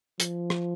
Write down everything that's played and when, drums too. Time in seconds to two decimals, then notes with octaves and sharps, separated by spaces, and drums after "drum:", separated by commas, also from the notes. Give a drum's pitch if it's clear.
0.20 F3, drum: hi-hat
0.50 drum: rim click